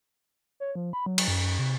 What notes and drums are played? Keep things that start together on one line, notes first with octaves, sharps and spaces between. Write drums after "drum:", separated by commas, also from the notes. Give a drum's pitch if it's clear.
C#5
F3
B5
F#3
drum: cymbal
F#2
F#2
C3